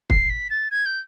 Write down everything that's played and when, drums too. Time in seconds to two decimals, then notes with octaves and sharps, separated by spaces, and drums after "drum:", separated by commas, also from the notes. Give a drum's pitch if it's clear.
0.10 C7, drum: kick
0.30 B6
0.50 A6
0.71 G#6
0.85 G6